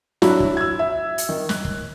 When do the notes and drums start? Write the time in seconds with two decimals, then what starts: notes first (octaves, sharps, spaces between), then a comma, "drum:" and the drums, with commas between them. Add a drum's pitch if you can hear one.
0.22 F#3 D4 E4 F#4, drum: snare
0.40 drum: kick
0.57 E6 G#6
0.79 E5
1.18 drum: hi-hat
1.29 D#3
1.49 F#6, drum: snare
1.65 drum: kick